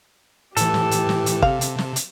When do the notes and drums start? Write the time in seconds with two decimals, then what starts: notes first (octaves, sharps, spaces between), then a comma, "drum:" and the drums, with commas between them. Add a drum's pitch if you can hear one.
0.57 A2 E3 G4 A4, drum: hi-hat
0.74 drum: snare
0.91 drum: hi-hat
1.09 drum: snare
1.26 drum: hi-hat
1.42 C3 F5, drum: kick
1.61 drum: hi-hat
1.78 drum: snare
1.96 drum: hi-hat